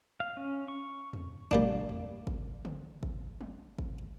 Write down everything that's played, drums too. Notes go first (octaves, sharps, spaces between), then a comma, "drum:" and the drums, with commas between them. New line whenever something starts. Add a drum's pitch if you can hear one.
F5
C#4
C#6
drum: tom E2
G3 A#3 D4, drum: kick
drum: tom E2
drum: kick
drum: tom
drum: kick
drum: tom
drum: kick